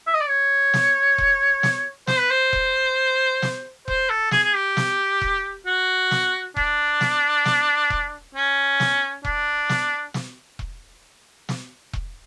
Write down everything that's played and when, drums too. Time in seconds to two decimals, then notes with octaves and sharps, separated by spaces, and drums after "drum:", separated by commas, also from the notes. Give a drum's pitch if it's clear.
0.07 E5
0.14 D#5
0.21 D5
0.28 C#5
0.74 drum: snare
1.18 drum: kick E1
1.63 drum: snare
2.07 C5, drum: snare
2.19 B4
2.30 C5
2.53 drum: kick E1
3.42 drum: snare
3.88 C5, drum: kick E1
4.10 A4
4.31 G#4, drum: snare
4.44 G#4
4.55 G4
4.77 drum: snare
5.21 drum: kick E1
5.66 F#4
6.11 drum: snare
6.56 D4, drum: kick E1
7.01 drum: snare
7.45 drum: snare
7.90 drum: kick E1
8.35 C#4
8.80 drum: snare
9.25 D4, drum: kick E1
9.69 drum: snare
10.14 drum: snare
10.59 drum: kick E1
11.49 drum: snare
11.93 drum: kick E1